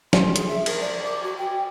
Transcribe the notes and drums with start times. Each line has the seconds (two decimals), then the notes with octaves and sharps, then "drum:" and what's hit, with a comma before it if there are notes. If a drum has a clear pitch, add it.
0.13 C6, drum: snare
0.36 G#4, drum: hi-hat
0.48 E5
0.66 A#4, drum: cymbal
0.80 D5
1.05 D6
1.23 F#4
1.38 G5